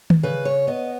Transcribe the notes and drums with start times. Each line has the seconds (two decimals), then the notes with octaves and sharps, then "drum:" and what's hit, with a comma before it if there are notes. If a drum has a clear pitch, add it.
0.10 drum: tom D#3
0.23 C#3 B4
0.45 C#5
0.67 B3 D#5